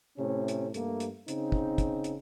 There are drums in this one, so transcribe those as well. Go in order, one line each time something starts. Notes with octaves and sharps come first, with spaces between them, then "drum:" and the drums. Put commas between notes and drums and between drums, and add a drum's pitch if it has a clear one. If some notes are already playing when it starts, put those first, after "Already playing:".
A2 C3 C#4
drum: hi-hat
G2 A3 A#3, drum: hi-hat
drum: hi-hat
C#3 C4 D#4, drum: hi-hat
drum: kick
drum: kick, hi-hat
drum: hi-hat